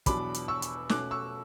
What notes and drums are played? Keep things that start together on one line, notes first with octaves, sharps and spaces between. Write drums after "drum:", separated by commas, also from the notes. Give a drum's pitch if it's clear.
E2 B2 F#3 B3 D4 B5 D6, drum: kick, hi-hat
drum: hi-hat
C#6 E6
drum: hi-hat
B2 A3 C#4 D6 F#6, drum: snare
C#6 E6